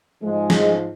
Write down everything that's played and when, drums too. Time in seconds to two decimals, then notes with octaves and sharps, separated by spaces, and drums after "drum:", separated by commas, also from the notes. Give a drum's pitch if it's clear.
0.23 G#2 F3 G#3
0.50 drum: snare